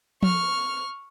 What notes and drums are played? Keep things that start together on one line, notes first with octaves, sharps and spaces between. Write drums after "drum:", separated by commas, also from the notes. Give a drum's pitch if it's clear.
C#6 F6, drum: tom F3